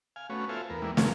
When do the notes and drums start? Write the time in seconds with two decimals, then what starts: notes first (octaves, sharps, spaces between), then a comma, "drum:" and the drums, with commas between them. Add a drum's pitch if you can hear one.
0.16 F5 G#5
0.30 A3 B3 C#4 F#4 C#5
0.49 F4 A4 C5 E5 F5 G#5
0.70 E2 B3 A#4
0.82 E2 G3 G#3 A#3 D4 E4
0.97 A3 C4 G#4 A#4 F5 G#5, drum: snare